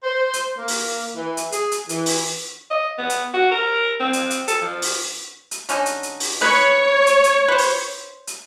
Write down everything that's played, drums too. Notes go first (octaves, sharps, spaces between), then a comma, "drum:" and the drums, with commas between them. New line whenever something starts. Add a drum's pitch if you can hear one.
C5
drum: hi-hat
A#3
drum: open hi-hat
E3
drum: hi-hat
G#4, drum: hi-hat
drum: hi-hat
E3, drum: hi-hat
drum: open hi-hat
D#5
B3
drum: hi-hat
F#4
A#4
C4
drum: hi-hat
drum: hi-hat
A4, drum: hi-hat
F3
drum: open hi-hat
drum: hi-hat
D3 C#4 D#4, drum: hi-hat
drum: hi-hat
drum: hi-hat
drum: open hi-hat
D#4 B4 C#5
drum: hi-hat
drum: hi-hat
B4 C5
drum: open hi-hat
drum: hi-hat